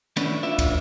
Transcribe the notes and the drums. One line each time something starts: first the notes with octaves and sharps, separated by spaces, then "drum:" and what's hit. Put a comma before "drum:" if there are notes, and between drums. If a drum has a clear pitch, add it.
D#3 A3 B3 C#4 D4 E4, drum: cymbal
B3 D4 F4 E5
drum: kick, cymbal